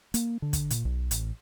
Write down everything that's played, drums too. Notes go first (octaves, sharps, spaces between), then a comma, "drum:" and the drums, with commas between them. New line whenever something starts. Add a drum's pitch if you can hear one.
A#3, drum: hi-hat
D3
drum: kick, hi-hat
A#2, drum: hi-hat
B1
A1, drum: hi-hat